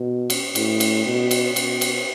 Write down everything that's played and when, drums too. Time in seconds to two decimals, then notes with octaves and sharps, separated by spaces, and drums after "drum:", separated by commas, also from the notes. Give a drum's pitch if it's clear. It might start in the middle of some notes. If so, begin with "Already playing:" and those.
Already playing: B2
0.30 drum: cymbal
0.55 A2, drum: cymbal
0.80 drum: cymbal
1.05 B2
1.31 drum: cymbal
1.56 B2, drum: cymbal
1.81 drum: cymbal